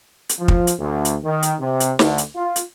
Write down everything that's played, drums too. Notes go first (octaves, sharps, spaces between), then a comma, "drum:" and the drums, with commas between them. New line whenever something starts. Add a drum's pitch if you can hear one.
drum: hi-hat
F3
drum: kick
drum: hi-hat
D2
drum: hi-hat
D#3
drum: hi-hat
C3
drum: hi-hat
D2, drum: snare
drum: hi-hat
F4
drum: hi-hat